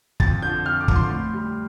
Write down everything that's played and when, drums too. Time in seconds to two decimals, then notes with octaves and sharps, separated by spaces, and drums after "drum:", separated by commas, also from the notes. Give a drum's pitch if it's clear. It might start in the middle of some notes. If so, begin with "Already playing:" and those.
0.20 F2 A6, drum: kick
0.42 D3 F3 G6
0.66 F2 F6
0.81 D6
0.88 D3 F3, drum: kick
0.96 C6
1.10 A2
1.34 G3